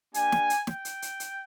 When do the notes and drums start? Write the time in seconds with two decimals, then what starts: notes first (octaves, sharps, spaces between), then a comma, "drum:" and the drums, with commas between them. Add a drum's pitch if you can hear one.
0.14 A#3 D4 G4 G#5, drum: hi-hat
0.32 drum: snare
0.50 drum: hi-hat
0.67 G5, drum: snare
0.85 drum: hi-hat
1.02 drum: hi-hat
1.20 drum: hi-hat